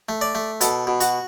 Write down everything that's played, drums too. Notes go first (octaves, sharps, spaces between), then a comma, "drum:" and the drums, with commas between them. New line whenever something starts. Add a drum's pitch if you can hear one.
A3
D5
A3
B2 A4, drum: hi-hat
B2
F#4, drum: hi-hat